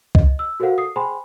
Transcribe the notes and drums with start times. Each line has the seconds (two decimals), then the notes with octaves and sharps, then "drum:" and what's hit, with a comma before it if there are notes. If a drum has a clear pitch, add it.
0.15 D#5, drum: kick C2
0.39 E6
0.60 F#4 A4 A#4 C5 F5 F#5
0.78 D#6 C7
0.96 G#4 C5 G5 G#5 B5 C6